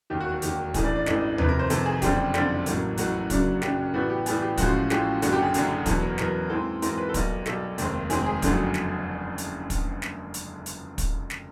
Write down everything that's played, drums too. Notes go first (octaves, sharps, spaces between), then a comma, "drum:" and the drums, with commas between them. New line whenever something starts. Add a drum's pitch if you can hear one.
E1 D#2 D#3 G4
F#4
F#4
E1 D#2 D#3 G4, drum: hi-hat
A1 G2 E3 A3 G#4, drum: kick, hi-hat
D5
D5
A1 G2 E3 A3 D#5, drum: snare
F2 C3 D#3 B4, drum: tom D#2
A#4
C5
F2 C3 D#3 A4, drum: hi-hat
G#4
F#1 F2 D3 G3 C4 G4, drum: kick, hi-hat
F#1 F2 D3 G3 C4, drum: snare
A1 A2 F#3 A#3, drum: hi-hat
A1 A2 F#3 A#3 F#4, drum: hi-hat
F#2 C#3 F#3 A#3 D4, drum: kick, hi-hat
F#2 C#3 F#3 A#3 D4 G4, drum: snare
A2 E3 G3 B3 F#4
G4
A2 E3 G3 B3 G#4, drum: hi-hat
G4
A1 A2 F3 G#3 C#4 F#4, drum: kick, hi-hat
A1 A2 F3 G#3 C#4 G4, drum: snare
F#1 F#2 D3 F#3 F#4, drum: hi-hat
G4
G#4
F#1 F#2 D3 F#3, drum: hi-hat
E2 B2 F#3 B3 A4, drum: kick, hi-hat
A#4
E2 B2 F#3 B3 A#4, drum: snare
G#2 E3 G#3 C4 A4
G#2 E3 G#3 C4 A#4, drum: hi-hat
B4
A4
B1 B2 G3 A#4, drum: kick, hi-hat
B1 B2 G3 A4, drum: snare
F1 D#2 D#3 G#3 C4, drum: hi-hat
F1 D#2 D#3 G#3 C4 G#4, drum: hi-hat
G#4
F#1 F2 D3 F#3 A3, drum: kick, hi-hat
drum: snare
drum: hi-hat
drum: kick, hi-hat
drum: snare
drum: hi-hat
drum: hi-hat
drum: kick, hi-hat
drum: snare